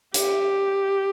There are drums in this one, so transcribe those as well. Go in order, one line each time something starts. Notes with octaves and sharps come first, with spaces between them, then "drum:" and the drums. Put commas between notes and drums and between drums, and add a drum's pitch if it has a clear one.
G4, drum: hi-hat